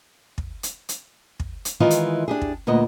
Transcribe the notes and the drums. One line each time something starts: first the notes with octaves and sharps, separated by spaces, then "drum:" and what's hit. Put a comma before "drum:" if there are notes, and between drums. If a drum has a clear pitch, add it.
drum: kick
drum: hi-hat
drum: hi-hat
drum: kick
drum: hi-hat
D#3 E3 G#3 E4 F4 D#5
drum: hi-hat
D4 G4 G#4
drum: kick
D2 A#2 B3 D#5